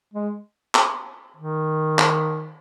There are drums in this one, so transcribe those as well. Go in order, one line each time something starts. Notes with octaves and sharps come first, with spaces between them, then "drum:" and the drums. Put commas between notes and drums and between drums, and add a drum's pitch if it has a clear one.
G#3
drum: clap
D#3
drum: clap